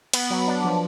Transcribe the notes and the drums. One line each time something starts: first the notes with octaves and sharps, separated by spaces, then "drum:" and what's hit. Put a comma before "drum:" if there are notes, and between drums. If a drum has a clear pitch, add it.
B3, drum: cymbal
F#3
D4
F3